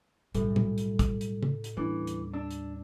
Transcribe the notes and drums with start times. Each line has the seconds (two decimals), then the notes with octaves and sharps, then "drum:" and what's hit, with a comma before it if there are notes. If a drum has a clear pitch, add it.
0.35 B1 A2 G3, drum: hi-hat
0.56 drum: tom A#2
0.78 drum: hi-hat
0.99 drum: kick, hi-hat
1.21 drum: hi-hat
1.43 drum: tom
1.64 drum: hi-hat
1.77 D#2 E3 G3 D4
2.07 drum: hi-hat
2.34 D4 E6
2.51 drum: hi-hat